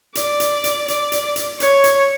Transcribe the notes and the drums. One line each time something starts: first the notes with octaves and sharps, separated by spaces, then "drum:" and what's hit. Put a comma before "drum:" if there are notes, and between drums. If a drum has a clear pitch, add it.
D5, drum: hi-hat
drum: hi-hat
drum: hi-hat
D5, drum: hi-hat
drum: hi-hat
drum: hi-hat
C#5, drum: hi-hat
drum: hi-hat